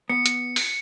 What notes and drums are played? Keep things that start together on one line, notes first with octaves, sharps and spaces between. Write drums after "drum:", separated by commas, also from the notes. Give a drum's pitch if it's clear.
B3 C#7
drum: hi-hat
drum: open hi-hat